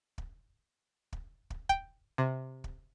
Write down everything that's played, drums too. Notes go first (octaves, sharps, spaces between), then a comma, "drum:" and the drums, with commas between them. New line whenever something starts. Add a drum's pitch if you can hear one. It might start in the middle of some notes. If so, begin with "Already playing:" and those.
drum: kick
drum: kick
drum: kick
G5, drum: kick
C3
drum: kick